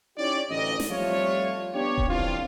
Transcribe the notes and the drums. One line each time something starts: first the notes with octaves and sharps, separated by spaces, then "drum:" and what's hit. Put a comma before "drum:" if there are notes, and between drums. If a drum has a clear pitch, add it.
C#4 D#4 E4 G4 C#5 D5
A1 D2 D#5
drum: snare
F2 F3 G3 A3 F4 C#5
B3 D4 G4 C#5
drum: kick D#1
G1 E3 C4 D4 F4